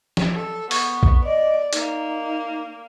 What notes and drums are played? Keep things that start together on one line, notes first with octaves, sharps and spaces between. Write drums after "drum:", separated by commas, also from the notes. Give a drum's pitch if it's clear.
drum: snare
A4
B3 C#6, drum: open hi-hat
drum: kick
D5 D#5
A#3 D#4, drum: hi-hat